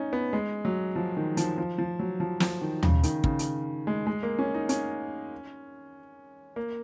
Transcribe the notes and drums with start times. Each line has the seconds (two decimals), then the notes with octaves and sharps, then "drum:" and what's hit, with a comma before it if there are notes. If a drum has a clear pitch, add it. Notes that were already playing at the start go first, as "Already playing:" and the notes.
Already playing: C#4 D#4
0.13 B3
0.33 G#3
0.65 F#3
0.96 F3
1.17 D#3
1.37 F3, drum: hi-hat
1.58 F3
1.78 F3
1.99 F#3
2.20 F3
2.40 F3, drum: snare
2.61 D#3
2.83 C#3, drum: tom D#2
3.03 D#3, drum: hi-hat
3.24 C#3, drum: kick
3.39 drum: hi-hat
3.87 G#3
4.07 G#3
4.23 A#3
4.39 C#4
4.54 D#4
4.69 C#4, drum: hi-hat
6.56 A#3